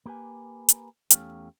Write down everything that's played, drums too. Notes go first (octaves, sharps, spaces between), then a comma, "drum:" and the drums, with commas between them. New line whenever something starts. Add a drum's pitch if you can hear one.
A#3 G4 B4 G#5
drum: hi-hat
E2 A3 C#4 G4 F5, drum: hi-hat